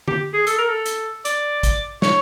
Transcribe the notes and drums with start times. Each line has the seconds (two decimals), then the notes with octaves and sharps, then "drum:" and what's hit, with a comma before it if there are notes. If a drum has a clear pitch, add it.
0.08 G4, drum: tom
0.34 G#4
0.47 A4, drum: hi-hat
0.58 A#4
0.68 A4
0.86 drum: hi-hat
1.25 D5, drum: hi-hat
1.63 drum: kick, hi-hat
2.02 C#5, drum: snare